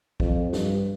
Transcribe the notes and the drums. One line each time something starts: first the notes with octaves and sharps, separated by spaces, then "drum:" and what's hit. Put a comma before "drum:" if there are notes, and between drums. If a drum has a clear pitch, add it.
F2, drum: kick
G2, drum: snare